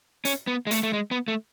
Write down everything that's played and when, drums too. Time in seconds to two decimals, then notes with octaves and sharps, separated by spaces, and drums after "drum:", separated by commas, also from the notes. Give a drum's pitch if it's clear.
0.25 C#4, drum: hi-hat
0.47 B3
0.67 G#3
0.71 A3, drum: hi-hat
0.83 A3
0.93 G#3
1.11 B3
1.28 A3